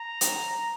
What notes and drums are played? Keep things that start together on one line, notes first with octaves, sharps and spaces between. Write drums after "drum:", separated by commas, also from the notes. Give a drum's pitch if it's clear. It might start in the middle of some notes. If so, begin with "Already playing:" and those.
Already playing: A#5
drum: hi-hat